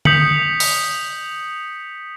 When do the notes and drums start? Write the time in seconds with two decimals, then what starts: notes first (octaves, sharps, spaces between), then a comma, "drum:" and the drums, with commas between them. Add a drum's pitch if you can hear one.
0.05 D#6 G6 B6 C#7 F#7, drum: tom D3
0.60 drum: open hi-hat